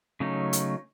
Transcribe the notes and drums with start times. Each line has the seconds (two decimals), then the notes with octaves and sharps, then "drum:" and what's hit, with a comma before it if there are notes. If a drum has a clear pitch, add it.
0.20 C#3 F#3 A3 C#4 D#4
0.53 drum: hi-hat